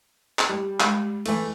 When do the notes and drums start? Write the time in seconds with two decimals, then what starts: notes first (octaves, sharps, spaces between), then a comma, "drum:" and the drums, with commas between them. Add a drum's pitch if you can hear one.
0.39 drum: clap
0.49 G3
0.80 G#3 B5, drum: clap
1.26 E3 A3, drum: cymbal